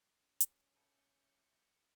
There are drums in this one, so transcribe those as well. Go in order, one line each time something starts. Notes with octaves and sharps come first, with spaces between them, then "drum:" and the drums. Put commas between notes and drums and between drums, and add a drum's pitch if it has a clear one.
C#4
drum: hi-hat
B3 G#4 A4 E5 D6 G6 C#7